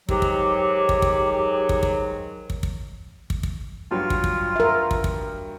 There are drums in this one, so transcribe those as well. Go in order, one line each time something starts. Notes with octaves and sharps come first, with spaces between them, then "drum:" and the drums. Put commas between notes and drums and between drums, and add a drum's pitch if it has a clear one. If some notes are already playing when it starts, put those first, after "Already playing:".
G#2 D#3 F#3 G4, drum: kick
drum: kick
drum: kick
drum: kick
drum: kick
drum: kick
drum: kick
drum: kick
drum: kick
drum: kick
G2 F#3 F4
drum: kick
drum: kick
A#4 E5
drum: kick
drum: kick